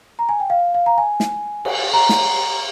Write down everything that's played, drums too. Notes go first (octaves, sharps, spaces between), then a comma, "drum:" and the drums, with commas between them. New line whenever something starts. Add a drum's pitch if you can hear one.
A#5
G#5
G5
F5
F5
A#5
G#5
drum: snare
drum: cymbal
A#5
drum: snare